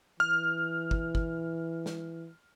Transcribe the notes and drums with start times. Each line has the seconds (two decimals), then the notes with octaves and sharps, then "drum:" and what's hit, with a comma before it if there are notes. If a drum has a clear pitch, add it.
0.20 E3 F6
0.91 drum: kick
1.15 drum: kick
1.86 drum: snare